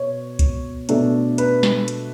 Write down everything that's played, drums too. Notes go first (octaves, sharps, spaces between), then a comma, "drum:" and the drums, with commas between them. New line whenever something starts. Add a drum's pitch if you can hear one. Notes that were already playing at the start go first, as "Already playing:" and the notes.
Already playing: B2 C#5
drum: kick C2, hi-hat
B2 A3 D4, drum: hi-hat
B4, drum: hi-hat
drum: snare
drum: hi-hat